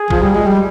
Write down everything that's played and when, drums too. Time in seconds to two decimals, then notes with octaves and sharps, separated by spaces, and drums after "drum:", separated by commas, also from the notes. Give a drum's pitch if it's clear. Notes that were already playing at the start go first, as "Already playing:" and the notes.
Already playing: G#4
0.10 F3, drum: kick A1
0.22 G3
0.35 G#3
0.46 G3